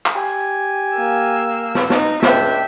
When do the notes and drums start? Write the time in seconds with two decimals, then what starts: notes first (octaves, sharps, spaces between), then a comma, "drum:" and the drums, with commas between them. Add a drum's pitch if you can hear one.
0.06 drum: clap
0.16 G4 G#5
0.96 A#3 E6
1.75 drum: snare
1.90 D#4, drum: snare
2.22 C#2 D4 E5 G5, drum: snare